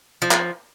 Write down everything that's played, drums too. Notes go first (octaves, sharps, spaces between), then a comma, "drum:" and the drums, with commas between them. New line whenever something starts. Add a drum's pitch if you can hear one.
F3
drum: clap